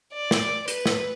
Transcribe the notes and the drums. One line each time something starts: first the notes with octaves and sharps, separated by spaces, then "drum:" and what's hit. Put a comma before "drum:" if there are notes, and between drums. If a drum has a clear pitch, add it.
D5
drum: snare
B4, drum: hi-hat
drum: snare